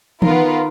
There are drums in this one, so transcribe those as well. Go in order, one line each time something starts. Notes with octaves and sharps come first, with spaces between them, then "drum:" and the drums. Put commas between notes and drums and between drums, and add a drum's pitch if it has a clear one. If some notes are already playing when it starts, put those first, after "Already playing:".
D#3 B3 F4 A#4, drum: tom E3